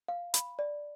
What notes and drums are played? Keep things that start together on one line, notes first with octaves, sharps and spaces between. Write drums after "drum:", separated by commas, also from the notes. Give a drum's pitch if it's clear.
F5
B5, drum: hi-hat
D5